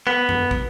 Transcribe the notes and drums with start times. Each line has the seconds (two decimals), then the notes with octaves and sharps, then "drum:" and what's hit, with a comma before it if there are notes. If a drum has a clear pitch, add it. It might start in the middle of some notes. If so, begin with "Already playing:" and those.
0.07 B3
0.29 drum: tom F#2
0.51 drum: kick